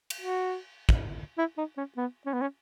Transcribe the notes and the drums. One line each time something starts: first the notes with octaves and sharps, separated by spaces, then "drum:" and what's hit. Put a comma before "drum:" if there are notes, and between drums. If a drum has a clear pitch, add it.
drum: cymbal
F#4
drum: kick
E4
D#4
C#4
B3
C#4
B3
C#4